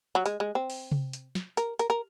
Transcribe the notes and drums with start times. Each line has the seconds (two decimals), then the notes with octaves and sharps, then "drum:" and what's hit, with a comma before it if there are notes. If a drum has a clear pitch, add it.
0.15 F#3
0.26 G#3, drum: hi-hat
0.40 G#3
0.55 C4
0.70 drum: open hi-hat
0.92 drum: tom C3
1.13 drum: hi-hat
1.35 drum: snare
1.57 A#4, drum: hi-hat
1.79 A#4, drum: hi-hat
1.90 A#4